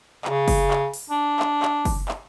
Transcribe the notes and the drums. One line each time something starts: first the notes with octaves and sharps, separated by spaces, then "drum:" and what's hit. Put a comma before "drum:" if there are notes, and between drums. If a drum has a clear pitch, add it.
C#3, drum: clap
drum: kick F#1, open hi-hat
drum: clap
drum: open hi-hat
D4
drum: clap
drum: clap
drum: kick F#1, open hi-hat
drum: clap